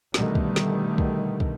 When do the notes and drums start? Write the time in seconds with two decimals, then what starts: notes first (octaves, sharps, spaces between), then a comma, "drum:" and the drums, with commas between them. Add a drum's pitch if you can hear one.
0.14 B2 D3 D#3 G3 A3, drum: snare
0.35 drum: kick
0.56 drum: snare
0.98 drum: kick
1.40 drum: kick